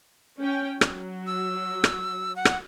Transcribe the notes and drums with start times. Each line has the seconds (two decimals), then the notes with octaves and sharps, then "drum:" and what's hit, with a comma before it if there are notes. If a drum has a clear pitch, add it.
0.40 C#4 G5
0.81 F#3, drum: rim click
1.27 E6
1.84 drum: rim click
2.36 F#5
2.45 drum: rim click